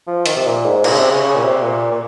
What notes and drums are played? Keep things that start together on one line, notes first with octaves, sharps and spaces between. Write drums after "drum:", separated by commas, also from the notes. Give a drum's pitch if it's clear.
F3
D#3, drum: hi-hat
C3
A#2
G#2
A#2, drum: cymbal
C#3
C3
C#3
C#3
A#2
C3
A#2
A#2